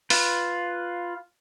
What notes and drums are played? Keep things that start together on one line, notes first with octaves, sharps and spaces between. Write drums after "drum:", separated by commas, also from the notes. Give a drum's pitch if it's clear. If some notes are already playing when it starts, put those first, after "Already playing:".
F4 B4, drum: open hi-hat